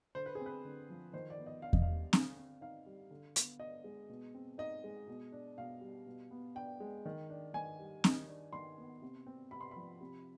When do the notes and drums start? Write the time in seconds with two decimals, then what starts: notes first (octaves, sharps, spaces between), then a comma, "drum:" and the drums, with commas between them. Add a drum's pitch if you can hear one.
0.15 D3 C5
0.26 B4
0.35 C4 G#4
0.46 B4
0.65 D3
0.90 F3
1.13 D#3 C5
1.30 D5
1.38 B3
1.46 D#5
1.62 D4 F5
1.73 D#5, drum: kick E2
1.82 F5
1.88 G3
2.13 D3, drum: snare C4
2.37 C4
2.61 D#4 F5
2.86 G3
3.11 D3
3.36 B3, drum: hi-hat
3.60 D4 D#5
3.84 G#3
4.09 B2
4.34 C4
4.58 D#4 D#5
4.84 G#3
5.07 B2
5.32 D4
5.58 B2 F5
5.81 G3
6.07 B2
6.31 B3
6.55 D4 G5
6.80 G#3
7.06 D#3
7.30 D4
7.54 D#3 G#5
7.79 G3
8.04 D#3, drum: snare C4
8.28 D4
8.53 D#3 C6
8.78 B3
9.02 C3
9.26 C4
9.51 C3 B5
9.61 C6
9.71 F3 B5
10.01 C3